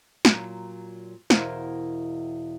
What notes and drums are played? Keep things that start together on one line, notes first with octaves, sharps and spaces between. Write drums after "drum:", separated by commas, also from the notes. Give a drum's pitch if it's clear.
A#2 F#3, drum: snare
E2 B2 E4 A#4 C5 F5, drum: snare